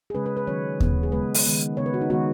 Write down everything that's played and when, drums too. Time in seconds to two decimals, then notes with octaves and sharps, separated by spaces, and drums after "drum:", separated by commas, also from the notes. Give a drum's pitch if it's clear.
0.10 G#4
0.14 C#3 G#3 C#4 B4
0.26 B4
0.37 B4
0.47 D#3 F#3 C#4 C#5
0.80 C#3 B3, drum: kick D#2
1.03 G#4
1.12 C#3 G#3 B3 B4
1.34 drum: open hi-hat
1.45 D#3 G#3 B3
1.77 C#3 B3 C#5
1.86 B4
1.94 F#4
2.01 D#4
2.10 D#3 G#3 B3 F#4